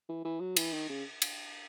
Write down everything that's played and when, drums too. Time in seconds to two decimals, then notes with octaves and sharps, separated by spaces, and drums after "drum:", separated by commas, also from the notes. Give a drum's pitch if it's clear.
0.09 E3
0.25 E3
0.40 F#3
0.57 E3, drum: cymbal
0.73 D#3
0.89 C#3
1.22 drum: cymbal